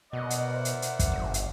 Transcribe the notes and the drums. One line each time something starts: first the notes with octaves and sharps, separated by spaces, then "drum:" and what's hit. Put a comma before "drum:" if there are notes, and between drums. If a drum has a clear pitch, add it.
B2 A#4 D5 D#5 F#5
drum: hi-hat
C5 E5
drum: hi-hat
drum: hi-hat
drum: kick, hi-hat
G1
drum: hi-hat